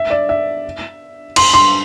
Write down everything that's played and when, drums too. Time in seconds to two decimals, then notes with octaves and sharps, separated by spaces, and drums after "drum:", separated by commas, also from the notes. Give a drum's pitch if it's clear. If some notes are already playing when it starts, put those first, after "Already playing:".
Already playing: E5
0.10 D5
0.29 E5
1.36 C6, drum: cymbal
1.54 C6